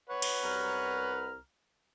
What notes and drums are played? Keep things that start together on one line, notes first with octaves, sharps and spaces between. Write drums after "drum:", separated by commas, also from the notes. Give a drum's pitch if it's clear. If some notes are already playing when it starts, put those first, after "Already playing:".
B4 C#5 F#5
drum: cymbal
C2 A#5 F6